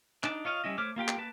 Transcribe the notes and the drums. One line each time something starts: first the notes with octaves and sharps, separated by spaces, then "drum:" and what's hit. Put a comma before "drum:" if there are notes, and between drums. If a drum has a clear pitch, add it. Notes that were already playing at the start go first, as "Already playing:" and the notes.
D4 D#4 A5, drum: clap
F4 C#5 D#5 F5
G3 C#4 E4 D#5
A3 C5 C#5 D6 F6
A#3 F4 G4 G5
drum: clap
A#3 B4 A5